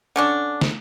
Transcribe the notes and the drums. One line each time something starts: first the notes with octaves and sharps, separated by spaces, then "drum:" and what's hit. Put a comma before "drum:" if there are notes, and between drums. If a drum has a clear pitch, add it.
D3 C#4 D4
drum: snare